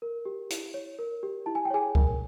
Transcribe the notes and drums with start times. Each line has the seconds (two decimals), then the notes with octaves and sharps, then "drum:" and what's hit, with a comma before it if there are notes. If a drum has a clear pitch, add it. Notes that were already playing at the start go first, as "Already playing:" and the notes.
0.02 A#4
0.25 G4
0.50 E4, drum: hi-hat
0.74 C#5
0.99 A#4
1.23 G4
1.46 E4 A5
1.55 G#5
1.65 G5
1.70 G#4 C#5 G#5
1.95 A#4, drum: kick C#2